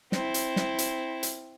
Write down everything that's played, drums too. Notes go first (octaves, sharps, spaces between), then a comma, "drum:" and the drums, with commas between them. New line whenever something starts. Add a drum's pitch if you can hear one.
C4 E4, drum: snare
drum: hi-hat
drum: snare
drum: hi-hat
drum: hi-hat